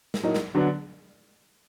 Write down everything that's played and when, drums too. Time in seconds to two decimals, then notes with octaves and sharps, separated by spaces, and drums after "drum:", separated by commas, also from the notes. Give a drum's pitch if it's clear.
0.14 drum: snare
0.23 A2 F#3 A#3 D#4
0.34 drum: snare
0.55 D3 F#3 B3 D4